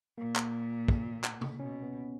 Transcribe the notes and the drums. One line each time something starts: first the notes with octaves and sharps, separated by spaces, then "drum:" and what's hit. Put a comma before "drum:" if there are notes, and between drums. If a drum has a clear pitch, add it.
A#2 A#3
drum: clap
drum: kick
drum: clap
drum: tom C3
B2 C#4
B3